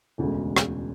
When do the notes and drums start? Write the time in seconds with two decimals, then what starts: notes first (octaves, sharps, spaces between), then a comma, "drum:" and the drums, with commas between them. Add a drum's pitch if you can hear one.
0.18 E1 D2 C#3 G#3
0.56 drum: rim click